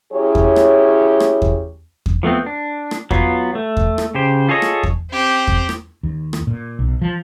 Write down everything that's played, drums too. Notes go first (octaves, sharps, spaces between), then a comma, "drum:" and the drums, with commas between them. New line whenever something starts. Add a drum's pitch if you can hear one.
F#3 C#4 E4 G4 G#4 C#5
drum: kick E2
drum: rim click
drum: rim click
drum: kick E2
drum: kick E2
F3 A3 B3 C4
D4
drum: rim click
F#3 B3 F4, drum: kick E2
A3
drum: kick E2
drum: rim click
C#3 G4 C5
F4 G#4 A4 C#5 D#5
drum: rim click
drum: kick E2
C4 G4
drum: kick E2
drum: rim click
D#2
drum: rim click
A#2
B1
F3